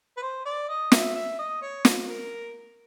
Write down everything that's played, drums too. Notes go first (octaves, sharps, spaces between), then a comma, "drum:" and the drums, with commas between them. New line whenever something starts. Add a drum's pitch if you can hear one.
B4
C5
D5
D#5
E5, drum: snare
E5
D#5
C#5
drum: snare
A#4